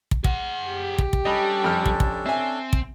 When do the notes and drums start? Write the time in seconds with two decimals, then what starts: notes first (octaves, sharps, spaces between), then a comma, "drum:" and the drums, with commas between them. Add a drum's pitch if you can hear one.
0.11 drum: kick
0.24 G#4 F#5, drum: kick
0.69 G4
0.98 drum: kick
1.13 drum: kick
1.25 G3 C#4 D4 A4 D#5 B5
1.64 F2 F6
1.86 drum: kick
2.00 drum: kick
2.26 C4 E5 G#5
2.73 drum: kick